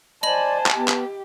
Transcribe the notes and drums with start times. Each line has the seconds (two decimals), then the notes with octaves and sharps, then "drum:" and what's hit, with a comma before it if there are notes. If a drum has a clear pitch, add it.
0.23 C5 D5 D#5 G#5 A5 B5 F#7
0.66 drum: clap
0.76 B3 G4
0.88 drum: clap